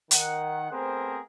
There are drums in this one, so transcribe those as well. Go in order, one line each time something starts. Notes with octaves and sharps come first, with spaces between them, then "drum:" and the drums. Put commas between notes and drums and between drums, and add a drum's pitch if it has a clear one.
D#3 F#5, drum: hi-hat
A3 B3 C4 G#4 A#4 C5